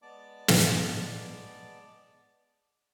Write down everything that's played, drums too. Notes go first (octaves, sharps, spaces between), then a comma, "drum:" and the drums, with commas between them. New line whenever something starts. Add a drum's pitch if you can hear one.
G#3 B3 D5 A5 D6
drum: snare